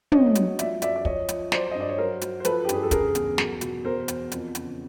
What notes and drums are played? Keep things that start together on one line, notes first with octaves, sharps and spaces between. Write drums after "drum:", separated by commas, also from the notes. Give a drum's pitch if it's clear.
F#3 C#5 D#5, drum: tom
F#3, drum: hi-hat
F3 D5 E5, drum: hi-hat
F#2 D5 E5, drum: hi-hat
D5
F3 C#5 D#5, drum: kick
F3, drum: hi-hat
F#3 C5 D5, drum: snare
G2 D#5
D5
C#5
F#3 A#4 C5
F#3, drum: hi-hat
C5
F3 A4 B4, drum: hi-hat
G4
G2 G#4, drum: hi-hat
A4
C#3 G#4 A#4, drum: kick, hi-hat
E2, drum: hi-hat
F#3, drum: snare
B2, drum: hi-hat
E2 A#4 C5
E2, drum: hi-hat
F2, drum: hi-hat
C#3, drum: hi-hat